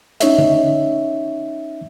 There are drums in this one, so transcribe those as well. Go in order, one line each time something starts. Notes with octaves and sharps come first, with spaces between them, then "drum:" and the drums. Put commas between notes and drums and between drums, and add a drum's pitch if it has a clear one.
C#4 D#4 C#5 D#5 E5, drum: hi-hat
drum: tom D3